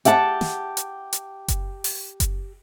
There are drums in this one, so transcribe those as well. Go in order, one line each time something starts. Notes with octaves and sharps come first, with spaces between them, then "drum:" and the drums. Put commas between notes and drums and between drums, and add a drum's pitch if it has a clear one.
G4 E5 F#5 A5, drum: hi-hat
drum: snare
drum: hi-hat
drum: hi-hat
drum: kick F#1, hi-hat
drum: open hi-hat
drum: kick F#1, hi-hat